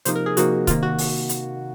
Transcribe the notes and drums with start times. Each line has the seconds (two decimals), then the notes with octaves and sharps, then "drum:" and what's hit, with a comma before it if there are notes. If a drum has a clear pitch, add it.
0.05 C3 F3 A#3 D#4 C5, drum: hi-hat
0.15 A#4
0.26 G#4
0.37 C3 F3 A#3 D#4 F#4, drum: hi-hat
0.67 C3 D#3 A#3 F4, drum: kick C#1, hi-hat
0.83 F#4
0.98 drum: open hi-hat
1.29 drum: hi-hat